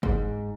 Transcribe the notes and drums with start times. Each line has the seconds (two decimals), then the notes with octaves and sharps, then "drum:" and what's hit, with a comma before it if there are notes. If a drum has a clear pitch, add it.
0.03 G#2, drum: kick